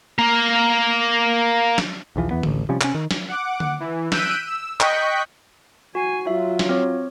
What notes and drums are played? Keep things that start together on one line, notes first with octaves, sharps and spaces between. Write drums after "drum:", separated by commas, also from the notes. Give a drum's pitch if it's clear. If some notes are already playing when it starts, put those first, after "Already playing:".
A#3 A#4
drum: snare
B1 E2 E3 F3
E2 E3 B3
D1 A1, drum: tom D3
C3 F3 G3 C#4
C3 C#4, drum: clap
D#3
drum: snare
F#5 D6
drum: tom D3
E3
E6 F#6 G6 B6 D7 D#7, drum: snare
E6
D#5 G5 C#6 F#6 G6 B6, drum: clap
F#4 G#5 C7
F#3 F4 E5
drum: snare
C4 C#5